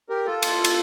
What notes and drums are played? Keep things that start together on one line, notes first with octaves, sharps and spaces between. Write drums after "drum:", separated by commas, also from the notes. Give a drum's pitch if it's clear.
G4 A#4
F4 A4
drum: cymbal
drum: cymbal